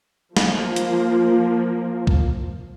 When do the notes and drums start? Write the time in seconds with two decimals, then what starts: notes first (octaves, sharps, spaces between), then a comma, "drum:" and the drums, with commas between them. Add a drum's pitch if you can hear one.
0.37 F3 A#3, drum: snare
0.76 drum: hi-hat
2.07 drum: kick